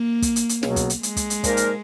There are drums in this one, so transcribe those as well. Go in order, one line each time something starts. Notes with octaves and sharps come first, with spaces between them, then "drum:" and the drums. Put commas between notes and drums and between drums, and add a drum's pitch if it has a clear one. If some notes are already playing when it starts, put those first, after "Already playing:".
Already playing: A#3
drum: kick, hi-hat
drum: hi-hat
drum: hi-hat
C#2 B2 F#3 B3, drum: snare
drum: kick, hi-hat
drum: hi-hat
G#3, drum: hi-hat
drum: kick, hi-hat
drum: hi-hat
A#2 F3 A#3 D#4 A#4, drum: kick, hi-hat
drum: hi-hat